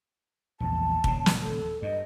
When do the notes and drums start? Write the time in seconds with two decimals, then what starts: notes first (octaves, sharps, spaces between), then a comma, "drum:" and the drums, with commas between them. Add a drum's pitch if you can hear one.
0.60 A#1 E2 A5
1.04 D#1 C#3, drum: kick
1.26 drum: snare
1.43 A4
1.82 G2 D#5